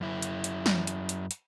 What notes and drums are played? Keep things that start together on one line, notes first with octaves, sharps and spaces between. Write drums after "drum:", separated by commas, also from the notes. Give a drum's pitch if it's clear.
F#2 E4
drum: hi-hat
drum: hi-hat
drum: snare
drum: hi-hat
drum: hi-hat
drum: hi-hat